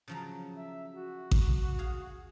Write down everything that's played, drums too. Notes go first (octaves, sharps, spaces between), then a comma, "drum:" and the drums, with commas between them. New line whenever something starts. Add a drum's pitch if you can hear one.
C#3 F3 F#3
E5
F#4
drum: kick A1
G#4 F5